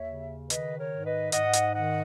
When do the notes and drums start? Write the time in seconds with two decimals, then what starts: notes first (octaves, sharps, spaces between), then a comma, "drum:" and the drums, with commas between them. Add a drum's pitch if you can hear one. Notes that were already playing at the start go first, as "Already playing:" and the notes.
Already playing: D#2 C#5 E5
0.09 C#3
0.50 D#3 B4 D#5, drum: hi-hat
0.78 A#4 C#5
0.91 G#2
1.05 B4 D#5
1.32 G#2 D#5 F#5, drum: hi-hat
1.53 drum: hi-hat
1.74 D#3 D#5 F#5